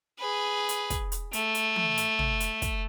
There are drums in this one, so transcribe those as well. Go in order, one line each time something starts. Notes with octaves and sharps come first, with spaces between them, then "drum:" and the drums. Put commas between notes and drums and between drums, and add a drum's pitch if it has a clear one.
G#4 B4
drum: hi-hat
drum: kick, hi-hat
drum: hi-hat
A3, drum: hi-hat
drum: hi-hat
drum: tom E3
drum: hi-hat
drum: tom
drum: hi-hat
drum: kick, hi-hat